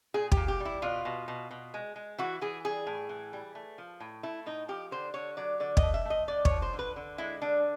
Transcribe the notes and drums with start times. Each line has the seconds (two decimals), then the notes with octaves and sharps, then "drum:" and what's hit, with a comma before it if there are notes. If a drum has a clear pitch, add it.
0.14 A#2 G#4
0.32 G4, drum: kick
0.37 A#2
0.48 G4
0.60 G3
0.65 E4
0.82 B2 F4
1.05 B2
1.28 B2
1.51 B2
1.74 G#3
1.96 G#3
2.18 E3 F#4
2.41 E3 G#4
2.64 G3 G#4
2.87 A2
3.09 E3
3.33 G3
3.55 A3
3.78 F3
4.00 A2
4.23 A3 E4
4.46 A2 D#4
4.68 F3 G4
4.91 D3 C5
5.14 D3 C#5
5.37 F#3 D5
5.60 D3 D5
5.77 D#5, drum: kick
5.83 A3
5.94 E5
6.05 A3 D#5
6.28 D3 D5
6.45 C#5, drum: kick
6.51 F3
6.62 C5
6.73 D3
6.79 B4
6.96 D3
7.18 G#3 E4
7.41 D3 D4